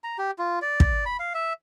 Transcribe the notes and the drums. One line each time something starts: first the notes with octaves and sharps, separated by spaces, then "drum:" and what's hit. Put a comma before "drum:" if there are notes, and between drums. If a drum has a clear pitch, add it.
A#5
G4
F4
D5
drum: kick
B5
F5
E5